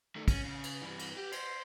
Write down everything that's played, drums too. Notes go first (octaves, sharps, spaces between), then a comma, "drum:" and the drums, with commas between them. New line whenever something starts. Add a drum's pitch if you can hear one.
D#3 A3
C#4, drum: kick, cymbal
C#3
drum: cymbal
G2 E3
drum: cymbal
G4
C5, drum: cymbal